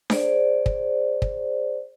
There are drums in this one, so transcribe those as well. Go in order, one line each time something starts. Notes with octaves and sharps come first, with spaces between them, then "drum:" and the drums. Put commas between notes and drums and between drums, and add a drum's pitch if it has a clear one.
G#4 C5 D5, drum: snare D4
drum: kick
drum: kick